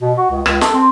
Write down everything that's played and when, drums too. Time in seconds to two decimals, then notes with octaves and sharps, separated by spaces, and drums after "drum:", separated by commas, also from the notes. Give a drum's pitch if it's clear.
0.02 B2
0.17 F#4
0.31 C#2
0.46 C#2, drum: rim click
0.61 A4, drum: snare
0.74 C4